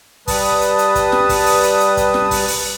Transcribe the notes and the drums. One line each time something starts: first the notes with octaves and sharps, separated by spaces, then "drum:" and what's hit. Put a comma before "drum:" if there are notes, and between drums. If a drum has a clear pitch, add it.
G3 B4 A5 D#6, drum: kick, open hi-hat
drum: hi-hat
drum: hi-hat
drum: kick, hi-hat
drum: snare
drum: kick, open hi-hat
drum: open hi-hat
drum: hi-hat
drum: hi-hat
drum: kick, hi-hat
drum: snare
drum: kick, open hi-hat
drum: open hi-hat